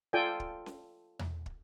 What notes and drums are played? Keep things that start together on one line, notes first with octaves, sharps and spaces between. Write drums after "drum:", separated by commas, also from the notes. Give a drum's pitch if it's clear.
F4 A4 D5 G5 G#5
drum: kick
drum: snare C#4
drum: tom E2
drum: kick